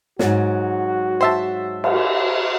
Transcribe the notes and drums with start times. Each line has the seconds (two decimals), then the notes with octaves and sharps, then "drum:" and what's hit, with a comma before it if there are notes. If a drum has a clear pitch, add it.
0.19 G#2 F#3 F#4, drum: snare
1.21 C5 E5 A5
1.84 drum: cymbal